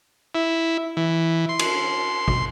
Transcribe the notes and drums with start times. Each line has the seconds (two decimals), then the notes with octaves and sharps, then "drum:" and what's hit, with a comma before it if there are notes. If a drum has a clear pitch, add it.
0.35 E4
0.97 E3
1.49 C6
1.59 drum: cymbal
2.28 drum: kick G#1